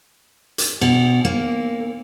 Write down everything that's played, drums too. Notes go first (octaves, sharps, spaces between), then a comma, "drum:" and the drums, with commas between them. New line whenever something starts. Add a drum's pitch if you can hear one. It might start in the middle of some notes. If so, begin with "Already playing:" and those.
drum: hi-hat
B2, drum: cymbal
A#3